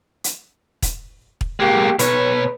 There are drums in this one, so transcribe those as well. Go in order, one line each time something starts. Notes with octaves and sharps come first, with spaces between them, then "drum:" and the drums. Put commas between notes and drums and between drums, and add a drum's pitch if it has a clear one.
drum: hi-hat
drum: kick, hi-hat
drum: kick
G#3 A#3 G4
B2 B4 C#5, drum: hi-hat